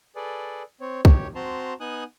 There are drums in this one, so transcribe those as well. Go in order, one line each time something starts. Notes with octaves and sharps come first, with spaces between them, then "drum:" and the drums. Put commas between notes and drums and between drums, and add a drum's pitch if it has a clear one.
G#4 A4 B4 D5
C4 C#5
G4 C#5, drum: kick C2
C4 F#4 A5 A#5 C6
B3 D#4 G#5 D#6 F#6